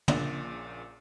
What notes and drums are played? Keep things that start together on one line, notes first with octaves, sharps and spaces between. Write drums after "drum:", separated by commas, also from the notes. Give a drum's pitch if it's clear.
A#1 A#2 C#3 A#3 D4, drum: tom